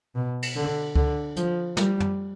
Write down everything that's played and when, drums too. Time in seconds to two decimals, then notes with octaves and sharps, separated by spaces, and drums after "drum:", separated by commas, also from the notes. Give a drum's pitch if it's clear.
0.15 B2
0.42 drum: cymbal
0.56 D3
0.95 D3, drum: kick C#2
1.36 F3, drum: hi-hat
1.77 G3, drum: snare
2.00 drum: tom